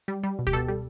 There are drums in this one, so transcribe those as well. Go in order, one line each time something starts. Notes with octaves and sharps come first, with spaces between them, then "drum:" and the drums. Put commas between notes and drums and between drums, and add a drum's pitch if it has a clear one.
G3
G3
B2
G4, drum: kick
B2 A4
G3